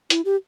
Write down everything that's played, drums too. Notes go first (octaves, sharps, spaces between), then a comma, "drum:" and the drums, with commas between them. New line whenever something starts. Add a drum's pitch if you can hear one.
E4, drum: hi-hat
G4